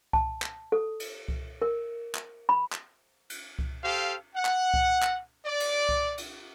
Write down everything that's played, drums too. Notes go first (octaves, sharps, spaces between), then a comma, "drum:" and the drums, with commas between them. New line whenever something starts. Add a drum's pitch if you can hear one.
A5, drum: kick C2
drum: clap
A4
drum: cymbal
drum: kick C2
A#4
drum: clap
B5
drum: clap
drum: cymbal
drum: kick C2
G4 A4 C5 F5
F#5
drum: clap
drum: kick C2
drum: clap
D5
drum: cymbal
drum: kick C2
drum: cymbal